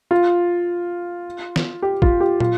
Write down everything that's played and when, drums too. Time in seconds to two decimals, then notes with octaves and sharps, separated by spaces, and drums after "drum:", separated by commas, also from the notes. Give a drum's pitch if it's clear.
0.11 F4
1.56 drum: snare
1.82 G4
2.02 F4, drum: kick
2.20 G4
2.40 F4, drum: tom